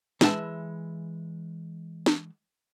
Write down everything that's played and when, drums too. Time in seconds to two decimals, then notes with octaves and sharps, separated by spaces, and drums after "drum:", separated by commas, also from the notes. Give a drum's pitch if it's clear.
0.21 E3 G#3 E5 F#5 A5 B5, drum: snare
2.06 drum: snare